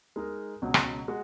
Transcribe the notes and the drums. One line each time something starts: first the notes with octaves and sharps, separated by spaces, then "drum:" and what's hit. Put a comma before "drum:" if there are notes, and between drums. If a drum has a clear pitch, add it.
G#3 D#4 A#4
C#2 B2 F#3
drum: rim click
G#3 F#4